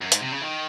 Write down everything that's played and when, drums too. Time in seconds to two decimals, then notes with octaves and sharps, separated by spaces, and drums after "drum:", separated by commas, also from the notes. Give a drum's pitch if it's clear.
0.02 F#2
0.12 G#2, drum: hi-hat
0.21 C3
0.32 C#3
0.41 D#3